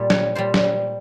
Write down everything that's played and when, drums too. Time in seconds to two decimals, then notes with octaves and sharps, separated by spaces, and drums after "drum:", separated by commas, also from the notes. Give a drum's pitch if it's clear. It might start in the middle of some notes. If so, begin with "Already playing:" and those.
Already playing: A#2 G3
0.10 C#5, drum: snare
0.35 A#2 G3 C5
0.54 drum: snare